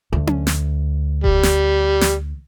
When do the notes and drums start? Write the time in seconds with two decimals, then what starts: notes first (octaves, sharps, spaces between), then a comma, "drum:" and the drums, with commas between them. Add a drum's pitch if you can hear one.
0.13 D2
0.27 drum: tom C#4
0.47 drum: snare
1.24 G3, drum: kick E1
1.43 drum: snare
2.01 drum: snare